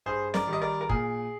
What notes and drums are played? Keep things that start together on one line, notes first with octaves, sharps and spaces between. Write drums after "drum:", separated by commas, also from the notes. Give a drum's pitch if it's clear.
G2 G#4 C5
A#4 D5, drum: snare
D#3 G3
D#5
A#4 D5
A#4
A#2 G#4, drum: kick